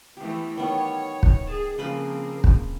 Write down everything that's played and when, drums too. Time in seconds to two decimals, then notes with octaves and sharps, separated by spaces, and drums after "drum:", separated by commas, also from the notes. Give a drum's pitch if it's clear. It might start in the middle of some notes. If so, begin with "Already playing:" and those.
0.17 E3 A3 B3 G4
0.57 D#3 G3 B3 C#5
1.23 drum: kick
1.47 G#4 A5
1.78 C#3 F3 A#3 C4 B4 B5
2.44 drum: kick